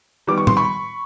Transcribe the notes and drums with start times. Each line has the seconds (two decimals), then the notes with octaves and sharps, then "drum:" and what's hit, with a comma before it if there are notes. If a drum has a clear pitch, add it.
0.27 D#3 G3 B3 D6
0.38 C#6
0.47 C6, drum: tom A2
0.57 B5 C#6